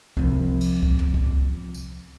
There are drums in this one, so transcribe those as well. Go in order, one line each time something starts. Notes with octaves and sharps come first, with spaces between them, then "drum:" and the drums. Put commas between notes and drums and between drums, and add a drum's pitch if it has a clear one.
C2 F3, drum: kick C2
drum: cymbal
drum: kick C2
drum: tom
drum: kick C2
drum: tambourine